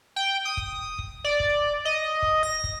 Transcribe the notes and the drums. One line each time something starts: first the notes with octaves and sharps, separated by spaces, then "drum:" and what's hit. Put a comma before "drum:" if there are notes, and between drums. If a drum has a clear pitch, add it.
G5
D#6
drum: kick
drum: kick
D5
drum: kick
D#5
drum: kick
A#6
drum: kick